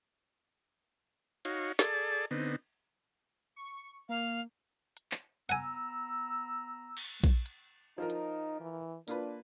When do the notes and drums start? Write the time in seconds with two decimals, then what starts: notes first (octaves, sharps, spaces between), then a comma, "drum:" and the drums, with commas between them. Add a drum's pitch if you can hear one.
1.45 D#4 F#4 C#5 F5, drum: cymbal
1.79 G#4 A4 D5 A5, drum: snare
2.31 D3 B3 C4 D#4
3.56 C#6
4.09 A#3 F5
4.97 drum: hi-hat
5.12 drum: clap
5.49 B3 F#5 G#5 A#5 E6
6.97 drum: cymbal
7.24 drum: kick A#1
7.46 drum: hi-hat
7.98 F3 D#4 F4 A#4
8.10 drum: hi-hat
8.60 E3
9.08 A#3 D4 F4 B4, drum: tambourine